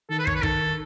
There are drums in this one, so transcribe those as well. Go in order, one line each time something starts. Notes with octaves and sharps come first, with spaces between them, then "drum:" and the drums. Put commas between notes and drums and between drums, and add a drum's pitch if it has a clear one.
D#3 A4
B4
C#5, drum: kick
B4
D#3 A4, drum: kick